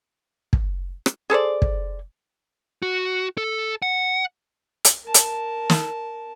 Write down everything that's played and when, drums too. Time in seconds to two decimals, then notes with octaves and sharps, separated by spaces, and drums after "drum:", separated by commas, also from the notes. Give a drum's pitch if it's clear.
0.53 drum: kick
1.06 drum: rim click
1.30 G#4 A4 C5 D5
1.62 drum: kick
2.82 F#4
3.38 A4
3.82 F#5
4.85 drum: hi-hat
5.04 A#4 A5
5.14 drum: hi-hat
5.70 drum: snare